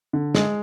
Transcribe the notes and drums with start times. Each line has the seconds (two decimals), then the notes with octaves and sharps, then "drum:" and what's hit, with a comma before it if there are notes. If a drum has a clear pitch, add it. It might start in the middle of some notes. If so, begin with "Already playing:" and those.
0.13 D3
0.35 G#3, drum: snare